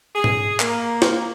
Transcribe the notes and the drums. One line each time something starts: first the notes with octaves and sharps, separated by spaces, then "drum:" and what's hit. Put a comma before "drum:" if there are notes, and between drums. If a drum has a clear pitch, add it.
G#4
drum: tom G#2
A#3, drum: clap
drum: snare